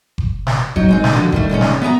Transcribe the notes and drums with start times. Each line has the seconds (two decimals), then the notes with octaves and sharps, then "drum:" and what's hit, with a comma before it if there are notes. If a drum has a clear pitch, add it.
0.18 drum: kick F#1
0.47 drum: snare
0.76 F#3 D#4, drum: kick F#1
0.89 G#3 C4 D#4
1.04 drum: snare
1.13 D3 F3 F#4
1.32 D#3 G3 A3, drum: kick F#1
1.49 A#2 D#3 G#3 C#4
1.61 drum: snare
1.81 B3 E5 G#5 A#5